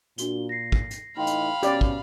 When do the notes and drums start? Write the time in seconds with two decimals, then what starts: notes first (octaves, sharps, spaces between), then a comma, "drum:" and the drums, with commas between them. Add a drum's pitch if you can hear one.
0.18 A#2 D4 F#4 G7, drum: hi-hat
0.49 A#6 C7
0.72 drum: kick
0.90 drum: hi-hat
1.17 A2 E3 D#4 F5 G5 B5 C6
1.27 drum: hi-hat
1.63 B2 C#4 G4 D5, drum: hi-hat
1.81 drum: kick